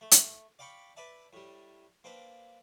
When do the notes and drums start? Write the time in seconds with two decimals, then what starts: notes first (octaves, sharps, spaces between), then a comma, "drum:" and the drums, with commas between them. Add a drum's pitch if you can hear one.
0.01 A3
0.11 drum: hi-hat
0.59 D5 F5 G5 B5 C#6
0.97 B4 D5 E5 A5
1.33 A2 G3
2.04 A#3 C4 D4 B4